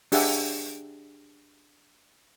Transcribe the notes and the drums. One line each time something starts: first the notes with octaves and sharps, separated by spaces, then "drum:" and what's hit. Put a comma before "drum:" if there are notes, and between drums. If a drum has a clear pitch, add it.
D4 G4 G#4 E5 F#5, drum: open hi-hat